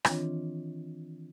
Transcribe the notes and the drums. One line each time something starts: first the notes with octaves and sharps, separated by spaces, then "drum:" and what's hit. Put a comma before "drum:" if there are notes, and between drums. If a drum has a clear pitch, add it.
D#3 E3 C4 D4 F4 C#5, drum: rim click